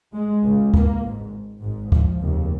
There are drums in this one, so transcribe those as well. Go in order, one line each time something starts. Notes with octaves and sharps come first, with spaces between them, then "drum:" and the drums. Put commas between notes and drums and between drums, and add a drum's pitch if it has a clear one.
G#3
C#2 C#3
A#3, drum: kick
G#1 G#2
G#1 G#2
F3, drum: kick
F1 D#2 C#3